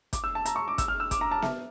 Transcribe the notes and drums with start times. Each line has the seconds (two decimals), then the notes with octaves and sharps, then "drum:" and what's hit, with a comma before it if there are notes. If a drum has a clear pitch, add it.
0.13 D6, drum: kick, hi-hat
0.24 E6
0.35 A5
0.45 A#5, drum: hi-hat
0.56 C#6
0.68 D6
0.78 E6, drum: kick, hi-hat
0.88 F6
1.00 E6
1.11 D6, drum: kick, hi-hat
1.21 A#5
1.31 A5
1.42 E5, drum: snare B3